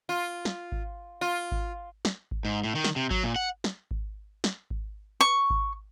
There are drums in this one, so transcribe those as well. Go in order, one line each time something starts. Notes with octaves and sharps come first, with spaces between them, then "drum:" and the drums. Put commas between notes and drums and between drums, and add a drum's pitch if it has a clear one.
F4
drum: snare
drum: kick G#1
F4
drum: kick G#1
drum: snare
drum: kick G#1
G#2
A2
D#3
drum: snare
C3
F#3, drum: kick G#1
A#2
F#5
drum: snare
drum: kick G#1
drum: snare
drum: kick G#1
C#6
drum: kick G#1